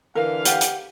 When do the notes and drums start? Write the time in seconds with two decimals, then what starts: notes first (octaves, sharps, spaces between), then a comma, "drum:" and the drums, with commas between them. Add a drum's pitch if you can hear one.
0.15 D3 E3 A#4 F5
0.45 G4 F#5, drum: hi-hat
0.61 drum: hi-hat